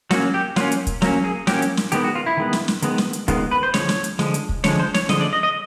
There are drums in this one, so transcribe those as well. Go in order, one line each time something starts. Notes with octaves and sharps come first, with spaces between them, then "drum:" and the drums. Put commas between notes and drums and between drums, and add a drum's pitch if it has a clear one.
F#3 A#3 C#4 F#4, drum: snare
G4
F#3 A#3 C#4 F4, drum: snare
drum: hi-hat
drum: kick, hi-hat
F#3 A#3 C#4, drum: snare
G#4
F#3 A#3 C#4 G4, drum: snare
drum: hi-hat
drum: snare
D#3 G#3 B3 G4, drum: hi-hat
F#4
F4
E4
D#3 G#3 B3
drum: snare
drum: snare
D#3 G#3 B3, drum: hi-hat
drum: snare
drum: hi-hat
D#3 G#3 B3 F4, drum: kick, hi-hat
B4
C5
D3 F3 G#3 C#5, drum: snare
drum: snare
drum: hi-hat
D3 F3 G#3, drum: snare
drum: hi-hat
drum: kick
D3 F3 G#3 C#5, drum: snare
C5
C#5, drum: snare
D3 F3 G#3 D#5, drum: snare
D5
D#5
D#5